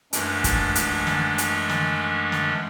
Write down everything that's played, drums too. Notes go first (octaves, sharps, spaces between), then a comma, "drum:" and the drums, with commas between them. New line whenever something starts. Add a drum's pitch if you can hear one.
F#2 E3 G#3 A3 C#4 D4, drum: hi-hat
drum: kick, hi-hat
drum: hi-hat
drum: snare
drum: hi-hat
drum: snare
drum: snare